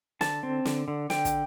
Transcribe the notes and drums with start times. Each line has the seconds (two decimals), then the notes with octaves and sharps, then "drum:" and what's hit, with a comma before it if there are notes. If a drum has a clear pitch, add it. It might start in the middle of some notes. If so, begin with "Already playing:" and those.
0.21 D3 A5, drum: snare
0.43 C4
0.65 D3, drum: snare
0.88 D3
1.10 D3 G5, drum: snare
1.25 drum: kick, hi-hat